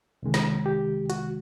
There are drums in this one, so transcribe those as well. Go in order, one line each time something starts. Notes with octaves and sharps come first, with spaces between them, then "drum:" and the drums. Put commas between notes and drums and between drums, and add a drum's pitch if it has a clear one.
C2 C3 D#3 G#3
drum: snare
G4
F#4, drum: hi-hat